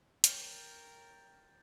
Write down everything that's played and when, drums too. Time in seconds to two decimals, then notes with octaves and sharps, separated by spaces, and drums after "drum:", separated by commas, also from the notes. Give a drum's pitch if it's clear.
0.24 A#4 C#5 G5 F6 G6 A6, drum: hi-hat